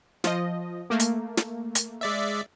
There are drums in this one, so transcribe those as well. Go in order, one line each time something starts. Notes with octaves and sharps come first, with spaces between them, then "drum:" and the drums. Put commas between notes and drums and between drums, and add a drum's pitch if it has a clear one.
F3 D#5, drum: snare
A3 A#3
drum: hi-hat
drum: snare
drum: hi-hat
G#3 D5 E5